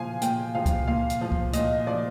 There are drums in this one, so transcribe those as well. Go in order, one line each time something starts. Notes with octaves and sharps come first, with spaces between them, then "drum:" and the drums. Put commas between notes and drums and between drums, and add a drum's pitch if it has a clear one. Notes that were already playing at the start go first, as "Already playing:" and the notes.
Already playing: A#2 F3 F5 G#5
A#2 G5, drum: hi-hat
F3 F5
drum: kick C#2, hi-hat
A#2 F5
drum: hi-hat
F3
drum: kick C#2
A#2 D#5, drum: hi-hat
F3 D5